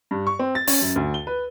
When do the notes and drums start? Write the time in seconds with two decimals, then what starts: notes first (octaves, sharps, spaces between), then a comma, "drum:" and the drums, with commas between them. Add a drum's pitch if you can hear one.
0.11 G2
0.27 C#6
0.39 C4
0.55 A6
0.67 C#4, drum: open hi-hat
0.81 F#2
0.96 D2
1.14 G7
1.27 B4